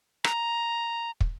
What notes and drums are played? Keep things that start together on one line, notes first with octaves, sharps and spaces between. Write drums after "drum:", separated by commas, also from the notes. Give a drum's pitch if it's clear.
A#5, drum: rim click
drum: kick